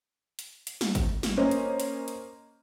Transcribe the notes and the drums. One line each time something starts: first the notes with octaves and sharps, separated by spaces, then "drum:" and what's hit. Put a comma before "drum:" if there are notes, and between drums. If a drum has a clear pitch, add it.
drum: hi-hat
drum: hi-hat
drum: snare
drum: kick, hi-hat
drum: snare
A#3 C#4 C5 D#5
drum: hi-hat
drum: hi-hat
drum: hi-hat